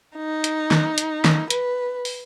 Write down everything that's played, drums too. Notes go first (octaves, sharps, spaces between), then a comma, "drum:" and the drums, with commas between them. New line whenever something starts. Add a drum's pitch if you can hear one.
D#4
drum: hi-hat
drum: snare
drum: hi-hat
drum: snare
B4, drum: hi-hat
drum: open hi-hat